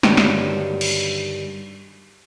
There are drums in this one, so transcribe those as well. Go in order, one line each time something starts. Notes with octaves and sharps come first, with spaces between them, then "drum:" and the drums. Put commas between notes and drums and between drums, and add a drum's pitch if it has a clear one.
G2 D3 D#3 F#3 G3, drum: snare
drum: snare
drum: cymbal